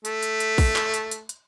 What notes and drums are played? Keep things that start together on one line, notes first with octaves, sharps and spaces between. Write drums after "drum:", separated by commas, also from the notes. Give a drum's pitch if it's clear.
A3, drum: hi-hat
drum: hi-hat
drum: hi-hat
drum: kick A#1, open hi-hat
drum: clap
drum: hi-hat
drum: hi-hat
drum: hi-hat